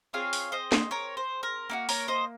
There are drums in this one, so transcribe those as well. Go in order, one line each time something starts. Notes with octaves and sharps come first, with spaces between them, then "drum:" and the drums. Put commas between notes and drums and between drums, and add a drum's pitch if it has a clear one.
C4 F4 G#4 C#5 F5
drum: open hi-hat
C5 D#5
drum: snare
A#4 C#5
C5
A#4
A#3 D#4 F#4
A#4 C#5, drum: open hi-hat
C5 D#5